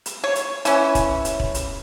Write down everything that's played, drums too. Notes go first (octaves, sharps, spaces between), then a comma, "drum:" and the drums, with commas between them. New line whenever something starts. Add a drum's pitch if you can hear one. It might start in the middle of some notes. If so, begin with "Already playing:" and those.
drum: hi-hat
C#5
drum: hi-hat
E3 C#4, drum: hi-hat
drum: kick, hi-hat
drum: hi-hat
drum: kick
drum: hi-hat